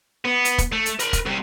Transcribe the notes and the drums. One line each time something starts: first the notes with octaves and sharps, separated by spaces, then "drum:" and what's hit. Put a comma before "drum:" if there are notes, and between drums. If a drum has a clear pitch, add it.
B3
drum: hi-hat
drum: kick, hi-hat
A3
drum: hi-hat
A#4 B5, drum: hi-hat
drum: kick, hi-hat
C2 C3